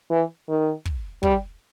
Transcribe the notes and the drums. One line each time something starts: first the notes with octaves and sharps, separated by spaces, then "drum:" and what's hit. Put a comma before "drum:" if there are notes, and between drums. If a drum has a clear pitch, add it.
E3
D#3
drum: kick
G3, drum: kick